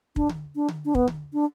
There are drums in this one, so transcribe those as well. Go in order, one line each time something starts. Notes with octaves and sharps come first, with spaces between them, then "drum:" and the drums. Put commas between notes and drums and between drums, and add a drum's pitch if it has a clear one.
D4, drum: kick
drum: tom D3
D4
drum: tom D3
D4
B3, drum: kick
drum: tom D3
D4